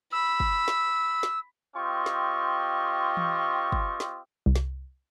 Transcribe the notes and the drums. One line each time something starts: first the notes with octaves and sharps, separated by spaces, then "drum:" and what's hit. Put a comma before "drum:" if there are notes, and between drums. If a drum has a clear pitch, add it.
B5 E6
drum: kick
drum: snare
drum: snare
C4 F4 G4 D#5 C#6
drum: snare
drum: tom E3
drum: kick
drum: snare
C2
drum: snare